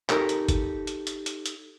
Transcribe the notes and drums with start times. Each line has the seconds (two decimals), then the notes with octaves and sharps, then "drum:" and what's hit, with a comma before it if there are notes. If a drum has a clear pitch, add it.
0.10 D#4 G4 A4 A#4, drum: clap
0.29 drum: hi-hat
0.49 drum: kick, hi-hat
0.87 drum: hi-hat
1.07 drum: hi-hat
1.26 drum: hi-hat
1.46 drum: hi-hat